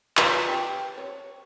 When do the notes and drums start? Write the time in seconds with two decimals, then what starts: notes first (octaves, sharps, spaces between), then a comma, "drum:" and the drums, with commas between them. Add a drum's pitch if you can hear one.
0.17 F4 F#4 B4 C#5, drum: clap
0.48 G4
0.98 C#5